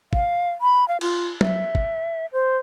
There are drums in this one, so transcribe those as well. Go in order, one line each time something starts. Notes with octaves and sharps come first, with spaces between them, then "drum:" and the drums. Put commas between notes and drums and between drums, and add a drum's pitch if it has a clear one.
F5, drum: kick
B5
F5
F4, drum: cymbal
E5, drum: tom
drum: kick
C5